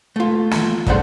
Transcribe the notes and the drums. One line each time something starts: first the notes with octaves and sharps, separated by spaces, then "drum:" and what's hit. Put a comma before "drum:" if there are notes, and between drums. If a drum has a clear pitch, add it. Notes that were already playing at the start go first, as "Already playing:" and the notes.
A3 F4
drum: snare
D2 G2 C#3 A3 C5 F#5, drum: kick